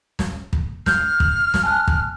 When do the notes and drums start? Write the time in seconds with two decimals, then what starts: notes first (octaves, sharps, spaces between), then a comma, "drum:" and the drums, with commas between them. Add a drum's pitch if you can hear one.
0.19 drum: snare
0.53 drum: kick
0.86 F6 G6, drum: snare
1.20 drum: kick
1.54 drum: snare
1.63 G#5 A5 F#6
1.87 drum: kick